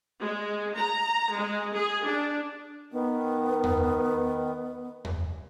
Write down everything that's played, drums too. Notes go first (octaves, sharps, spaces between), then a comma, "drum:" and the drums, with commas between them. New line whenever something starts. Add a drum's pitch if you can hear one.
G#3
A#5
G#3
G#4
D4
D#3 B3
drum: tom E2
drum: tom E2